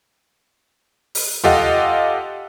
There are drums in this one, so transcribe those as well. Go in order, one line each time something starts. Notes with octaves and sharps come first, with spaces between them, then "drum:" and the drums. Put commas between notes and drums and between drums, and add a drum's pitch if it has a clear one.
drum: open hi-hat
F4 G4 A4 D#5 F5 F#5, drum: tom D#2